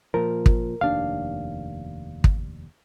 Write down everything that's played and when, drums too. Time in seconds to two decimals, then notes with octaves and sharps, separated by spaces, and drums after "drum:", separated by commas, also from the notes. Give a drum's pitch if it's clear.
0.14 A#2 F3 A#4
0.46 drum: kick
0.81 F1 D#2 D4 F5
2.24 drum: kick